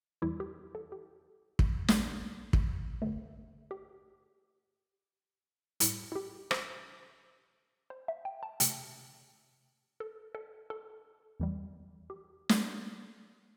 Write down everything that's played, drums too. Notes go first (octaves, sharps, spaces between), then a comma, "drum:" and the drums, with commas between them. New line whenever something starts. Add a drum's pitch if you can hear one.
E2 E3 G3 E4
G4
A4
G4
drum: kick
drum: snare
drum: kick
G2 D3 A3
G4
A2 G3 E4, drum: hi-hat
E4
G4
C5, drum: rim click
C5
E5
G5
A5
C3 A3 G5, drum: hi-hat
A4
A4
A4
E2 E3 G3
G4
drum: snare